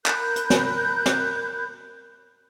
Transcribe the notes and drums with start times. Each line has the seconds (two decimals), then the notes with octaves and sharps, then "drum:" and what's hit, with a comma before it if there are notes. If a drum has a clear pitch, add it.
0.06 A#4 B5 F#6 G6, drum: clap
0.36 drum: hi-hat
0.50 drum: snare
1.06 drum: snare